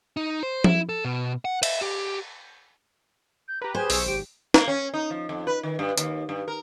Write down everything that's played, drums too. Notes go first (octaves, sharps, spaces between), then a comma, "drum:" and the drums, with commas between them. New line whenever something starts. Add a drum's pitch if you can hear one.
D#4
C5
E4, drum: tom F3
A4
B2
F#5
E5, drum: cymbal
G4
G6
G4 B4 A#5
G#4 C5 G#5
B1 C#6 E6, drum: open hi-hat
G#1 G4 D7
A#3, drum: snare
C#4
D#4
F3
F2
B4
D#3
G2
D#2, drum: hi-hat
G2
A#4